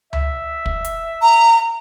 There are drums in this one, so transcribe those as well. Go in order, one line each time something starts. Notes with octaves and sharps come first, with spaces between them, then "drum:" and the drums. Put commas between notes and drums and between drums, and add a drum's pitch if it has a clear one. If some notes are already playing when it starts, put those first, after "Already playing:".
E5, drum: tom C#2
drum: kick
drum: hi-hat
A#5